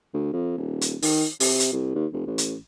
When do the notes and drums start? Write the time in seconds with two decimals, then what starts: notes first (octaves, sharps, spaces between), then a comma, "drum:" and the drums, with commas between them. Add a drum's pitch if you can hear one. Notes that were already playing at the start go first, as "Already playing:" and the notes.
0.14 D2
0.33 F2
0.57 D#1
0.81 drum: hi-hat
1.02 D#3, drum: open hi-hat
1.40 C3, drum: open hi-hat
1.60 drum: hi-hat
1.73 C2
1.95 D#2
2.13 F1
2.27 A1
2.38 drum: hi-hat